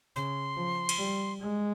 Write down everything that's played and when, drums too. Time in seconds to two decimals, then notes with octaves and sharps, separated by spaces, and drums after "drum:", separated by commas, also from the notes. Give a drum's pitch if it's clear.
0.16 C#3 C6
0.57 F3
0.89 drum: cymbal
0.99 G3
1.41 G#3